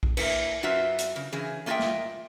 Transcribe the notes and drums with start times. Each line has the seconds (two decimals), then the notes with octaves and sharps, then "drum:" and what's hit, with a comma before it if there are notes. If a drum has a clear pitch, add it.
0.03 drum: kick B1
0.17 A#3 E4 B4, drum: cymbal
0.63 F#2 F4 F#4 B4 E5
0.98 drum: hi-hat
1.16 C#3
1.32 C#3 E3 G#4
1.66 A3 A#3 F4 D#5 E5 G5
1.79 drum: snare